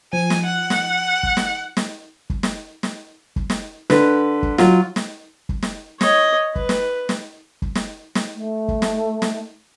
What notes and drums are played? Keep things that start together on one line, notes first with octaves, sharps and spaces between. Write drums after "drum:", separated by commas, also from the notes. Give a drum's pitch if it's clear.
F3 G#5
drum: snare
F#5
drum: snare
drum: kick
drum: snare
drum: snare
drum: kick
drum: snare
drum: snare
drum: kick
drum: snare
D3 B4, drum: snare
drum: kick
F#3 F4, drum: snare
drum: snare
drum: kick
drum: snare
C#5 D#5, drum: snare
B4, drum: kick
drum: snare
drum: snare
drum: kick
drum: snare
drum: snare
A3
drum: kick
drum: snare
drum: snare